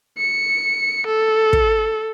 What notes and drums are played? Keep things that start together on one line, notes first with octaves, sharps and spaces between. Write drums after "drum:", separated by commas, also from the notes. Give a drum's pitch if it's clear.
C#7
A4
drum: kick